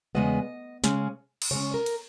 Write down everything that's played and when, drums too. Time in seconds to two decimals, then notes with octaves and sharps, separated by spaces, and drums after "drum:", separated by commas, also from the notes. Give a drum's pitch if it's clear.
0.15 E2 C#3 G#3 B3 D#5
0.84 C#3 G#3 C#4, drum: snare
1.42 drum: cymbal
1.51 C#3 G#3 C#4 C#5
1.74 A#4
1.86 drum: cymbal